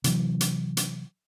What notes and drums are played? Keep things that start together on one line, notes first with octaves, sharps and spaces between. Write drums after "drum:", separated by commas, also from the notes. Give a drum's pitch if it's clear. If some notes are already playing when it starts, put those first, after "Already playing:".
C3 E3 F#3, drum: hi-hat
drum: hi-hat
drum: hi-hat